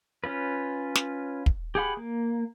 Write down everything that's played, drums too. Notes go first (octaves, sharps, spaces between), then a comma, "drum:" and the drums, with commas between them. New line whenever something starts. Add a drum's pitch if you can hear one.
C#4 F4 B4
drum: snare
drum: kick
G4 G#4 F#5 B5
A#3